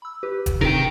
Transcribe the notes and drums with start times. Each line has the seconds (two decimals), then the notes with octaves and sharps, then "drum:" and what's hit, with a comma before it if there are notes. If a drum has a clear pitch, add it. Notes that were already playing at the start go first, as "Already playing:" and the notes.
0.02 B5 E6
0.23 G4 B4
0.46 drum: kick F1, hi-hat
0.61 C3 D#4 A#4 G5